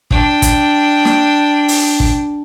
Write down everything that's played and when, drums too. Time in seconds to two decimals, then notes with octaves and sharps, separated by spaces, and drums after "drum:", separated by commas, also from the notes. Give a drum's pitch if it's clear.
0.11 D4 G5, drum: kick
0.42 drum: kick, hi-hat
1.05 drum: snare
1.68 drum: open hi-hat
2.00 drum: kick